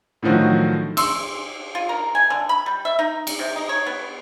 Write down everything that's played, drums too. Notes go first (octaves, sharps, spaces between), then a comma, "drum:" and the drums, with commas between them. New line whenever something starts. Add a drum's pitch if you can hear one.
A2 D3 D#3 F3 F#3
C6 E6, drum: cymbal
F4
A#4
G#5
D3
B5
G3
E5
D#4
drum: cymbal
C3
D#4
C#5
B3